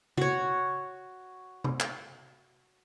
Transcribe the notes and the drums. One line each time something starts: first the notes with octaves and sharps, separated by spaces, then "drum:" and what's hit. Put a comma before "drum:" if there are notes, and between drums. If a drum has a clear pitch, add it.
F#4 C#5, drum: tom C#3
drum: tom
drum: clap